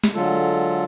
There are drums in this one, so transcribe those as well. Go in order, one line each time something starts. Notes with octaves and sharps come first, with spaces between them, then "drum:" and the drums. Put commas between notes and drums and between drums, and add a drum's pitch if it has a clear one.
drum: snare
D3 F#3 G#3 F4 A4